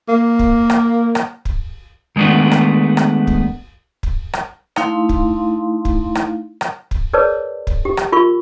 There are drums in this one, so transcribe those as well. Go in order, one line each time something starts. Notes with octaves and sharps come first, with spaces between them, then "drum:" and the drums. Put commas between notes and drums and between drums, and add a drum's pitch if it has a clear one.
A#3
drum: kick
drum: rim click
drum: rim click
drum: kick
D#3 G#3 A3 B3 D4
drum: rim click
drum: rim click
drum: kick
drum: kick
drum: rim click
A3 D#4 E4 F5 C6, drum: rim click
drum: kick
drum: kick
drum: rim click
drum: rim click
drum: kick
G#4 A#4 B4 C#5 D5 A5
drum: kick
G4
drum: rim click
F4 A#4 B5 C#6